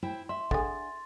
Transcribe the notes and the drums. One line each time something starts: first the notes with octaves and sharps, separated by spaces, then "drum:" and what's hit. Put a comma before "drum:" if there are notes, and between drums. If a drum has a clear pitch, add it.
E4 C5 G5
E5 C6
D3 G#4 A6, drum: kick